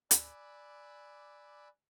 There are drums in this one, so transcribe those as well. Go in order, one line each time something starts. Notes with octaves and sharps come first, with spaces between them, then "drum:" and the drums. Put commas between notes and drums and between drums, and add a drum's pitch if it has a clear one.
D5 G#5 B5 D6 E6 F#6, drum: hi-hat